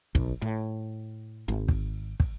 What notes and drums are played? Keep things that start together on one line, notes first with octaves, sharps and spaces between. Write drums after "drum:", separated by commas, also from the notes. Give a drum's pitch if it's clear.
B1, drum: kick
A2
G#1
drum: kick
drum: kick